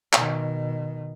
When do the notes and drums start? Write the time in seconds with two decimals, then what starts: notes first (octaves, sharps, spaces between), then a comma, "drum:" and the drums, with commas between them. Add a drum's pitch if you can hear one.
0.13 B2 D#3, drum: clap